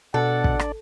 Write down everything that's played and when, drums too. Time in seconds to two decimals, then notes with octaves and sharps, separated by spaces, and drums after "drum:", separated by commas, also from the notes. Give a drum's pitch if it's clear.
0.14 B2 D4 A4 D5 F#5
0.44 drum: kick
0.59 drum: rim click